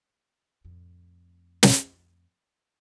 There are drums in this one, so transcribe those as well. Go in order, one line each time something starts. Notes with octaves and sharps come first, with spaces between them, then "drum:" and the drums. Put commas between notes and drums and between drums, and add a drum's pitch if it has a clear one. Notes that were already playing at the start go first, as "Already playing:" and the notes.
F2 A2
drum: snare